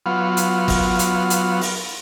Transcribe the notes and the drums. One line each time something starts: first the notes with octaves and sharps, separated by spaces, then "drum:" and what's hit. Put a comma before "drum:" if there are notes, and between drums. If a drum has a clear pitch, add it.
F#3 B3 F4
drum: hi-hat
drum: kick, open hi-hat
drum: hi-hat
drum: hi-hat
drum: open hi-hat